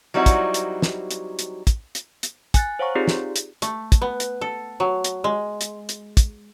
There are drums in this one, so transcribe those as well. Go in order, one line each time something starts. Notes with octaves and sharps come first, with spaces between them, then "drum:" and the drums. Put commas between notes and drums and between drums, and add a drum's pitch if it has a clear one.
F#3 G3 C4 D#4 E4 F#4
drum: kick, hi-hat
drum: hi-hat
drum: snare
drum: hi-hat
drum: hi-hat
drum: kick, hi-hat
drum: hi-hat
drum: hi-hat
G#5 F#6 A6, drum: kick, hi-hat
C5 C#5 F5 F#5 A#5 C#6
C4 D#4 F4 G4 G#4 D5
drum: snare
drum: hi-hat
A3, drum: hi-hat
drum: kick, hi-hat
B3
drum: hi-hat
A4
F#3
drum: hi-hat
G#3
drum: hi-hat
drum: hi-hat
drum: kick, hi-hat